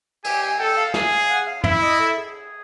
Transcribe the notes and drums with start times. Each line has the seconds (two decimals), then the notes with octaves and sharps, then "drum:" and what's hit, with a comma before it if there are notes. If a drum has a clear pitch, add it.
0.24 G4 G#5, drum: cymbal
0.43 G#5
0.59 A4 G5
0.77 F5
0.94 G#4 F5, drum: snare
1.12 F5
1.30 F#5
1.47 F5
1.64 E4 E5, drum: tom
1.82 D#5
2.00 A4
2.17 G#4